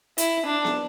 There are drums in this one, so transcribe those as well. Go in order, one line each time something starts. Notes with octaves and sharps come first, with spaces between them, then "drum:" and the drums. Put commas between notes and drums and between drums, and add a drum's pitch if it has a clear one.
E4, drum: hi-hat
D4
drum: snare B3